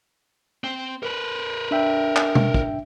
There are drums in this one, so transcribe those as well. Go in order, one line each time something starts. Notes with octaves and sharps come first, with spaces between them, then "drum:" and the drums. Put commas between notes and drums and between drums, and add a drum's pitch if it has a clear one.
C4
A#4 B4
D4 E5 G5
drum: clap
drum: tom B2
drum: kick